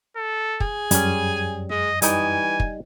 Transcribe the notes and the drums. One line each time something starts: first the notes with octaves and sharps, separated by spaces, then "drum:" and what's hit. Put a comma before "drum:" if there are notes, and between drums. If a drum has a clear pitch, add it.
A4
G#4, drum: kick
F#2 G3 C#4 G#5, drum: hi-hat
G#3 D#5
E3 G3 D#4 G#5, drum: hi-hat
drum: kick